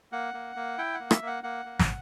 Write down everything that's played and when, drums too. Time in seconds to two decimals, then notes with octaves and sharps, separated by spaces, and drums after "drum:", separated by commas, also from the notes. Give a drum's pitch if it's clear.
0.12 A#3 F#5
0.34 A#3
0.56 A#3
0.78 E4 G5
0.94 F#5
1.00 A#3
1.11 E5, drum: rim click
1.22 A#3
1.27 F#5
1.43 A#3 F#5
1.65 A#3
1.79 drum: snare